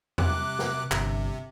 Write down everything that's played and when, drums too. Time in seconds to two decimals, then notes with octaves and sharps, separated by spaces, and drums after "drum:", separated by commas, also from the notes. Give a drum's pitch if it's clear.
0.18 C3 D6 F#6, drum: tom E2
0.59 drum: snare
0.91 G1 C3, drum: clap